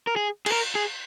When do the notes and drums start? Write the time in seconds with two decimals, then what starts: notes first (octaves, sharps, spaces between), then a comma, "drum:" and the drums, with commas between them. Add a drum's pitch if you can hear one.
0.07 A#4
0.16 G#4
0.46 G#4, drum: cymbal
0.52 A#4
0.75 G#4